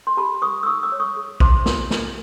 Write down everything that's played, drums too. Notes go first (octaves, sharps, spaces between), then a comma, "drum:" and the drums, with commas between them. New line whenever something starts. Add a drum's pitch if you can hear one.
C6
G4 A5 B5
A#4 C#6 D#6
E6
D#4 C#6 D#6
D6 E6
C#5
C#6 D#6
G#4
C5 C6 D6, drum: kick A#1
D#4, drum: snare
D#4, drum: snare